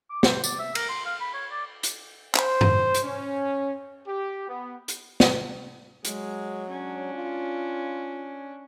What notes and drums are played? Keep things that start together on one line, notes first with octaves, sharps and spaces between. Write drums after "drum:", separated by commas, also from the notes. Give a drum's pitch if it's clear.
D6
C5, drum: snare
D5, drum: tambourine
E5
A#4, drum: cymbal
C6
F5
B5
C#5
D5
drum: hi-hat
C5, drum: clap
drum: tom F#2
drum: hi-hat
C#4
G4
B3
drum: hi-hat
drum: snare
F#3 G#3, drum: hi-hat
C#4 D4
F4